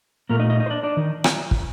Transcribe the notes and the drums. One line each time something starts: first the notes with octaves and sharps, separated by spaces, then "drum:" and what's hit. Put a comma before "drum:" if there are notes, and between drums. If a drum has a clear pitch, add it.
A#2 A3 A#3 A#4
D#4 D#5
D#4 D#5
D#4 D#5
C5
D4 D5
D4 D5
D#3 D#4
drum: rim click
drum: kick